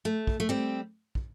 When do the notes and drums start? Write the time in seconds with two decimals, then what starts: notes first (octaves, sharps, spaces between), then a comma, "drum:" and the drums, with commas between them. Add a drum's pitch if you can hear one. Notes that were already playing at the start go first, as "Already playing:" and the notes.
0.05 A3
0.27 drum: kick
0.40 A3
0.49 G3 C4
1.15 drum: kick